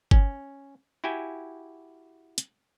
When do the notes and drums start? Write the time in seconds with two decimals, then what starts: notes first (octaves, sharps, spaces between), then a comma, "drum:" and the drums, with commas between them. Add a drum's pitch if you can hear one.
0.11 C#4, drum: kick G1
1.04 E4 F#4 G4 G5 G#5
2.38 drum: hi-hat